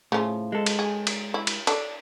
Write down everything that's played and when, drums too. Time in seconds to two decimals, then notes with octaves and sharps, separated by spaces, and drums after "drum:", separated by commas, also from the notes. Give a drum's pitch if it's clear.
0.12 A2 C#3 F3
0.52 G#3 A4
0.66 drum: cymbal
0.79 G#4
1.07 drum: cymbal
1.34 E4
1.47 drum: cymbal
1.67 D4 A4, drum: cymbal